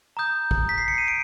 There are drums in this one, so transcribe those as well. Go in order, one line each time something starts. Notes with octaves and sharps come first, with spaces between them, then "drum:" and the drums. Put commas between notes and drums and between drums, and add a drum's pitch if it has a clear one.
A#5 D#6 G6
drum: kick
B6
C7
C#7
D#7
D7